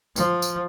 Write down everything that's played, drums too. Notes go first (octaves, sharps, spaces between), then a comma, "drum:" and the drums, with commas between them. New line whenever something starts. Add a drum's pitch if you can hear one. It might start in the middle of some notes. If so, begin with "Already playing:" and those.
F3, drum: tambourine
drum: tambourine